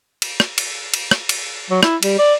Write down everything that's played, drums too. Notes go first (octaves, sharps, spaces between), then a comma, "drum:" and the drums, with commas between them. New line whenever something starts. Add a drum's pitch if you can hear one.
drum: cymbal
drum: rim click
drum: cymbal
drum: cymbal
drum: rim click
drum: cymbal
F#3
E4, drum: rim click
G3, drum: cymbal
D5